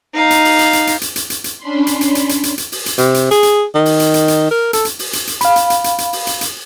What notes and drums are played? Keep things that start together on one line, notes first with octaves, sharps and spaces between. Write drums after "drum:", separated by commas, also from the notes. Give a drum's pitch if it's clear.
D#4 F5
drum: hi-hat
drum: open hi-hat
drum: hi-hat
drum: hi-hat
drum: hi-hat
drum: hi-hat
drum: hi-hat
drum: hi-hat
drum: hi-hat
C#4 D4 B5 C6
drum: hi-hat
drum: hi-hat
drum: hi-hat
drum: hi-hat
drum: hi-hat
drum: hi-hat
drum: open hi-hat
drum: hi-hat
C3, drum: hi-hat
drum: hi-hat
G#4, drum: hi-hat
drum: hi-hat
D#3
drum: open hi-hat
drum: hi-hat
drum: hi-hat
drum: hi-hat
A#4
A4, drum: hi-hat
drum: hi-hat
drum: open hi-hat
drum: hi-hat
drum: hi-hat
F5 B5, drum: hi-hat
drum: hi-hat
drum: hi-hat
drum: hi-hat
drum: hi-hat
drum: open hi-hat
drum: hi-hat
drum: hi-hat